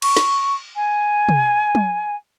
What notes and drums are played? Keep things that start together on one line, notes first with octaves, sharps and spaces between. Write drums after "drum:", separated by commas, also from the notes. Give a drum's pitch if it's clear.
C#6, drum: cymbal
drum: snare
G#5
drum: tom
drum: tom